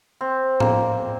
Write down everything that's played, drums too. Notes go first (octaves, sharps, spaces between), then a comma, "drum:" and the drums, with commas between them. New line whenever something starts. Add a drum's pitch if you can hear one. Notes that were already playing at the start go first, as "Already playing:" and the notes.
C4
A#3, drum: tom